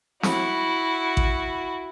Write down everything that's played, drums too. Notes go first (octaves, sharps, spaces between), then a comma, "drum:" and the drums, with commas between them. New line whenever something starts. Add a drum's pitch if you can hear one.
E4 F#4, drum: snare
drum: kick A1